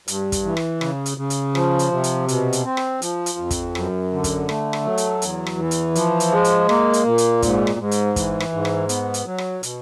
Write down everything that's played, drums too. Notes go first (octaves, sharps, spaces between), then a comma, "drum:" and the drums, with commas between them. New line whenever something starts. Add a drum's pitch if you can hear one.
G2, drum: hi-hat
drum: kick, hi-hat
E3
drum: rim click
C#3, drum: rim click
drum: hi-hat
C#3
drum: hi-hat
F3, drum: rim click
drum: hi-hat
C3
drum: hi-hat
B2, drum: hi-hat
drum: hi-hat
C4
drum: rim click
F3, drum: hi-hat
drum: hi-hat
F2
drum: kick, hi-hat
F#2, drum: rim click
D3
drum: kick, hi-hat
A3, drum: rim click
drum: rim click
F#3
drum: hi-hat
E2, drum: hi-hat
drum: rim click
E3
drum: hi-hat
F3, drum: hi-hat
drum: hi-hat
G#3
drum: hi-hat
A#3, drum: rim click
drum: hi-hat
A#2
drum: hi-hat
G#2, drum: kick, hi-hat
drum: rim click
G#2
drum: hi-hat
E3, drum: kick, hi-hat
drum: rim click
G#2
drum: rim click
B3, drum: hi-hat
drum: hi-hat
F#3
drum: rim click
B2, drum: hi-hat